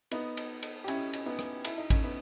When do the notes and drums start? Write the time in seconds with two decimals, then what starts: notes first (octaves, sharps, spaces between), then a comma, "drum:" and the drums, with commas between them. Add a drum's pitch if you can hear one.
0.11 B3 D#4, drum: cymbal
0.37 drum: cymbal
0.63 drum: cymbal
0.84 G4
0.88 C#4 E4, drum: cymbal
1.13 drum: cymbal
1.26 B3 D#4
1.39 drum: rim click
1.65 E4, drum: cymbal
1.78 D#4
1.90 C#4, drum: kick, cymbal
2.04 B3 D#4